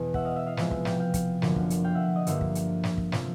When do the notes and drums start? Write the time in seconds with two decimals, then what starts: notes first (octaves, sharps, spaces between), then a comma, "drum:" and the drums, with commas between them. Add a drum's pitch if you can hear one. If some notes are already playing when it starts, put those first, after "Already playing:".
Already playing: E2 B2
0.14 E5 F#5, drum: kick
0.25 D#5 F5
0.36 E5
0.46 D#5 F5
0.57 C3 F3 G#3 B3 E5, drum: snare
0.71 drum: kick
0.85 F5 G5, drum: snare
1.00 F5 G5
1.14 drum: kick, hi-hat
1.42 F#2 D3 F3 A#3, drum: snare
1.56 drum: kick
1.70 drum: hi-hat
1.84 F5 G5
1.95 E5 F#5
2.16 D#5
2.27 G2 D3 F3 A#3 E5, drum: hi-hat
2.41 drum: kick
2.55 drum: hi-hat
2.83 drum: snare
2.98 drum: kick
3.12 C3 F3, drum: snare